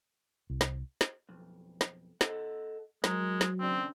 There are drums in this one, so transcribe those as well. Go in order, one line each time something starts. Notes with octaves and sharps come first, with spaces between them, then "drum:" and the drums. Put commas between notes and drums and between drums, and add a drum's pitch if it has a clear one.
C2
drum: snare
drum: snare
B1 F2
drum: snare
A4 D#5 F#5, drum: snare
F#3 G#3 A#4, drum: snare
drum: snare
D#2 C#3 C4 D4